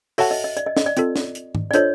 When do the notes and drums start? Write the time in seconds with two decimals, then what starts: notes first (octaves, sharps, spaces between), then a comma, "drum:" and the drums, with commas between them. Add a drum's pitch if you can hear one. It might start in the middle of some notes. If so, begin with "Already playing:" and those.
0.18 F#4 A4 C#5 E5 F#5 A5, drum: open hi-hat
0.31 D#5
0.44 D#5
0.57 D5, drum: hi-hat
0.66 D#5
0.77 D#5, drum: snare
0.86 D5
0.97 C4 F4 A4, drum: hi-hat
1.16 drum: snare
1.35 drum: hi-hat
1.55 drum: tom G#2
1.71 D5
1.74 D4 F4 A4 C5 C#5 D#5, drum: hi-hat